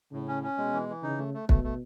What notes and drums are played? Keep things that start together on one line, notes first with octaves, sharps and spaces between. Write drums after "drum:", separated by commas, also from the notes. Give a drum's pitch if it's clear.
A2 C#3
C#4
C#4
B2 G#3
E3
E3
C#3 D#4
A3
A3
B2 A3, drum: kick
A3